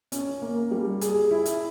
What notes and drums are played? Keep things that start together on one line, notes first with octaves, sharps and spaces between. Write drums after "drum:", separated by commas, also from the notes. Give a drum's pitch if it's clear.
C#4, drum: hi-hat
A#3
G3
G#4, drum: hi-hat
E4
drum: hi-hat